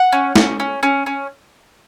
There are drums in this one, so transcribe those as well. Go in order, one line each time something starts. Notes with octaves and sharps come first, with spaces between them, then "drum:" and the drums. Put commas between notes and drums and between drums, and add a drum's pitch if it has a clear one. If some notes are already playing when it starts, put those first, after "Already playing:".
Already playing: F#5
C#4
C#4, drum: snare
C#4
C#4
C#4